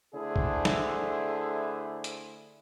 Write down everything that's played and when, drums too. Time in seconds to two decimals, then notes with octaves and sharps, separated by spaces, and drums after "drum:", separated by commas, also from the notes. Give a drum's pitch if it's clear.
0.15 D3 A3 D4 E4 G#4 C5
0.36 drum: kick A#1
0.65 drum: snare
2.04 drum: hi-hat